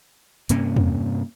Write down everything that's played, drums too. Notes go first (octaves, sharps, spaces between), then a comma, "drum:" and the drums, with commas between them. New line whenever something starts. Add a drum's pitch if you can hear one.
G2 C3 A#3 C#4, drum: hi-hat
drum: tom E2